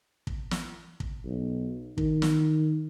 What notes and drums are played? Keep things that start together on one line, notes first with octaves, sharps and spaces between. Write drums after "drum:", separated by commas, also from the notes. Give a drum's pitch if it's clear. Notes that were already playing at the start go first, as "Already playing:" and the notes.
drum: kick
drum: snare
drum: kick
B1
D#3, drum: kick
drum: snare